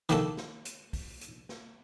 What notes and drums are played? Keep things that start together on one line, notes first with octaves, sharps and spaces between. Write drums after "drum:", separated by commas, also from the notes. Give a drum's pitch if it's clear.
D#3 A#3 A4, drum: hi-hat
drum: snare
drum: hi-hat
drum: kick, open hi-hat
drum: hi-hat
drum: snare